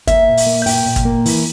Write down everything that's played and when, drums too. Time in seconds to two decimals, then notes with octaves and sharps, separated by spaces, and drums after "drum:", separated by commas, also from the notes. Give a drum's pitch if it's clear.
0.08 A#3 E5, drum: kick, hi-hat
0.28 A#2
0.37 drum: open hi-hat
0.47 A#3
0.66 A#2 G5, drum: open hi-hat
0.86 A#2
0.96 drum: kick, hi-hat
1.05 A#3
1.26 E3, drum: open hi-hat